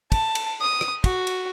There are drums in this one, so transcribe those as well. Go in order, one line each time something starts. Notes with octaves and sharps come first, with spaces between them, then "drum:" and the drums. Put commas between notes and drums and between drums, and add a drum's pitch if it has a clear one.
A5, drum: kick, cymbal
drum: cymbal
D#6
drum: rim click
F#4, drum: kick, cymbal
drum: cymbal